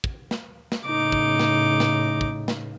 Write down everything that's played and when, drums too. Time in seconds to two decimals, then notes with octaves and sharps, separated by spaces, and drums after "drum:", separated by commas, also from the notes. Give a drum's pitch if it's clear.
0.04 drum: kick
0.31 drum: snare
0.72 drum: snare
0.85 A2 C#3 D#4 D6
1.12 drum: kick
1.40 drum: snare
1.80 drum: snare
2.21 drum: kick
2.48 drum: snare